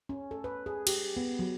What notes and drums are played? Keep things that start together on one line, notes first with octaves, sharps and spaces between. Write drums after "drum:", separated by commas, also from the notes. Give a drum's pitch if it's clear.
C#4
A4
B4
G#4
G4, drum: cymbal
B3
F#3